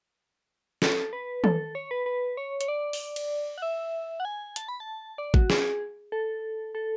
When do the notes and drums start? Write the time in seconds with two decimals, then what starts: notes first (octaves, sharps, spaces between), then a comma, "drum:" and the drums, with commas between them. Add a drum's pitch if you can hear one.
0.82 A4, drum: snare
1.13 B4
1.44 A4, drum: tom
1.75 C#5
1.91 B4
2.06 B4
2.37 C#5
2.61 C#5, drum: hi-hat
2.68 D5
2.93 drum: open hi-hat
3.16 drum: cymbal
3.58 F#5
3.62 E5
4.20 F#5
4.25 G#5
4.56 A5, drum: hi-hat
4.68 B5
4.80 A5
5.18 D5
5.34 F#4, drum: kick
5.50 G#4, drum: snare
6.12 A4
6.75 A4